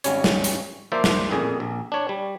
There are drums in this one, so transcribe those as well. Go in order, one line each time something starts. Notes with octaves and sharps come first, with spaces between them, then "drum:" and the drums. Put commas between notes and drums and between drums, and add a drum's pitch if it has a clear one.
G#1 G3 C#4 C#5, drum: hi-hat
drum: snare
drum: hi-hat
F3 A#3 C5 D5 E5
drum: snare
A1 F2 A#2 G#4
A#1
D4 C#5
G3